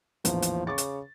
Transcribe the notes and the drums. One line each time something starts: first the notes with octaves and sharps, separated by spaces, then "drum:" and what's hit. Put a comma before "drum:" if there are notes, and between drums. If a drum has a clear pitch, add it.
A#1 E2 A2 F3, drum: hi-hat
drum: hi-hat
C#3 C#6 D6 A6
drum: hi-hat